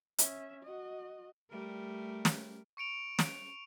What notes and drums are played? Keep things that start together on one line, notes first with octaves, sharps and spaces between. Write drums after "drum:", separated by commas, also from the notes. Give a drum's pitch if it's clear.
C#4 E5, drum: hi-hat
F#4 D#5
G3 A3 A#4
drum: snare
C#6 C#7 D7 F7
drum: snare